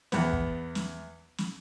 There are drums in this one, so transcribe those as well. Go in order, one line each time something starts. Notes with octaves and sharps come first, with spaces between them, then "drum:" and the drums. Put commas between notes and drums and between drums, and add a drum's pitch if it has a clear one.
E2 B3, drum: snare
drum: kick
drum: snare
drum: snare